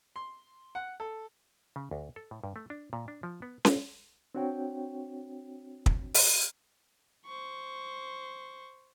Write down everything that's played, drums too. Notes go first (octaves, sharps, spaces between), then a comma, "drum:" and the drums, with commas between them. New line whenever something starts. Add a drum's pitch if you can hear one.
C6
F#5
A4
C#3
D2
A4
A2
G2
A3
D4
A#2
D4
F3
B3
B3, drum: snare C#4
C4 D4 F#4 C#5 G5
drum: kick
drum: open hi-hat
C5 C#6